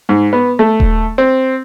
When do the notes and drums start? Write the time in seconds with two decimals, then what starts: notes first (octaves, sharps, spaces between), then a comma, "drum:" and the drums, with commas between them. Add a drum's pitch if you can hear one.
0.09 G#2
0.33 B3
0.59 A3
0.80 drum: kick D#1
1.18 C4